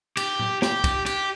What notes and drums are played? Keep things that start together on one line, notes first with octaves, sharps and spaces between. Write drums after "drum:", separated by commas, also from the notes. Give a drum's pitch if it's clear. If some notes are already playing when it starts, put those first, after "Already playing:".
G4, drum: cymbal
drum: tom A2
G4, drum: snare
drum: kick C2, cymbal
G4, drum: cymbal